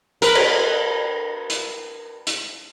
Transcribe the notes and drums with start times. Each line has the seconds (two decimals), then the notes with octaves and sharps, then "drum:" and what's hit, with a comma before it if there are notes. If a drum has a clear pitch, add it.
0.22 A#4 B4, drum: hi-hat
0.35 drum: cymbal
1.50 drum: hi-hat
2.27 drum: hi-hat